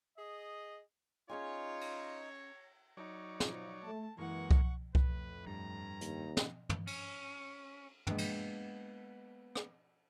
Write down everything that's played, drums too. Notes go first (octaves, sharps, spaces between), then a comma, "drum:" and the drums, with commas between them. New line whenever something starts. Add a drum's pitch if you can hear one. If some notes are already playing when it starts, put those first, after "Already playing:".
G#4 D#5
C#4 D#4 F4 G#4 C#5 G#5
drum: cymbal
F#3 D#4 C#5 D5
F3, drum: snare
A3 A5
F#2 E3 G#3 A#3 F#5 C#6
drum: kick C2
F2 A2 B4, drum: kick C2
G2 A#5
D#2, drum: hi-hat
drum: snare
drum: tom
C#4, drum: cymbal
G#3 A#3 B3 D4 G5, drum: tom
drum: cymbal
drum: rim click